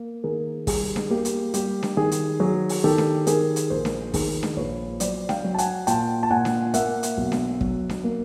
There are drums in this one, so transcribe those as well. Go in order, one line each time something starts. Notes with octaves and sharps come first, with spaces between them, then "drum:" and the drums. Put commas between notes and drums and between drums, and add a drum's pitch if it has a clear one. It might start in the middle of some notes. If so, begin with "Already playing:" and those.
Already playing: A#3
D#3 G#4 A#4
G3 G#4, drum: kick, open hi-hat
drum: snare D4
A#3 G4
drum: hi-hat
G3 G4, drum: hi-hat
drum: snare D4
D#3 G#4
drum: hi-hat
F#3 G#4
drum: open hi-hat
D#3 G4 A4
drum: snare D4
D#3 G#4 A#4, drum: hi-hat
drum: hi-hat
A#1 A#4 C5
drum: snare D4
D#3 G#4 A#4, drum: kick, open hi-hat
drum: snare D4
A#1 B4 C#5
F#3 C5 D5, drum: hi-hat
F5 G5, drum: snare D4
F#3
A5
F#5 G#5, drum: hi-hat
A#2 G5 A5, drum: hi-hat
A5
A#2 F#5 G#5
drum: snare D4
A#3 E5 F#5, drum: hi-hat
drum: hi-hat
B1
drum: snare D4
F#3, drum: kick
drum: snare D4
A#3